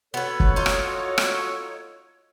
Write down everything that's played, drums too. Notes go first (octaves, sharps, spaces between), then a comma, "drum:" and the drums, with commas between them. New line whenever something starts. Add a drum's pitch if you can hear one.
B3 F#4 A4 B4 C#5
drum: kick
D#4 F4
drum: rim click
drum: rim click